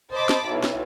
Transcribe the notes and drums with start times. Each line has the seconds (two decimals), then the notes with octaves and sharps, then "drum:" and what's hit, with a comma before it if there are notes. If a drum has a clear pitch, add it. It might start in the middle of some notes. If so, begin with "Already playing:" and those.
0.12 C5 D#5 A5 B5 D6
0.29 drum: snare
0.47 B1 E4
0.64 drum: snare